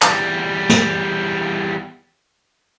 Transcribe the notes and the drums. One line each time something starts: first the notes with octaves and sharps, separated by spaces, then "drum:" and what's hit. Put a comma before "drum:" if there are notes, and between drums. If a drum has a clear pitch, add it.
E2 G3, drum: clap
drum: snare